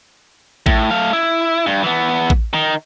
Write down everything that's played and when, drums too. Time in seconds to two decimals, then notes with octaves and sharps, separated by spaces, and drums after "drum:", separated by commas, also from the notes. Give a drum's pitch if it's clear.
0.66 A2, drum: kick A1
0.91 A3 F5
1.13 E4
1.66 G2
1.84 E3 B3
2.30 drum: kick A1
2.54 D#3